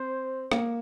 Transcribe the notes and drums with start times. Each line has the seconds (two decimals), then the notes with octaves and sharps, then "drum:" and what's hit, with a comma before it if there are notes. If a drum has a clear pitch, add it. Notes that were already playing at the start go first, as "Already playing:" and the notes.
Already playing: C4 C5
0.52 A#3, drum: rim click